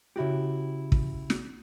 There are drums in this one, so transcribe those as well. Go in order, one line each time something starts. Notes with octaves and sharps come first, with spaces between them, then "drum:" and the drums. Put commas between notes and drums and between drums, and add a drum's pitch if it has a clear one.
C#3 E4 F#4 G4
drum: kick
drum: snare